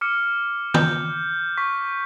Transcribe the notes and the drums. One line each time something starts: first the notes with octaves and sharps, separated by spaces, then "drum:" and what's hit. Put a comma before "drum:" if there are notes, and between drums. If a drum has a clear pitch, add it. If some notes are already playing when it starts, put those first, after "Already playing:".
D6 F6 C#7
G6, drum: tom D#3
C#6 B6